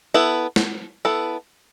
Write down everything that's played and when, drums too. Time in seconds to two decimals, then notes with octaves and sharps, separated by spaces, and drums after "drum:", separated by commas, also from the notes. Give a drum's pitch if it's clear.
0.14 B3 E4 A4
0.56 drum: snare
1.05 B3 E4 A4